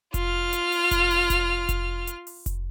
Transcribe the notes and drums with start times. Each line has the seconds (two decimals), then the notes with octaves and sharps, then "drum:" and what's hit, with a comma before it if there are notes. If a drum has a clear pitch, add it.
0.14 F4 F6, drum: kick F1, hi-hat
0.53 drum: hi-hat
0.72 drum: open hi-hat
0.91 drum: kick F1, hi-hat
1.11 drum: open hi-hat
1.30 drum: kick F1, hi-hat
1.69 drum: kick F1, hi-hat
2.07 drum: hi-hat
2.27 drum: open hi-hat
2.46 drum: kick F1, hi-hat